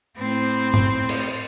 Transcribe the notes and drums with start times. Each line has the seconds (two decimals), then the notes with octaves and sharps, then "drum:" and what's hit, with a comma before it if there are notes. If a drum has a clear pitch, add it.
0.17 A2 C4
0.74 drum: tom G#2
1.09 drum: cymbal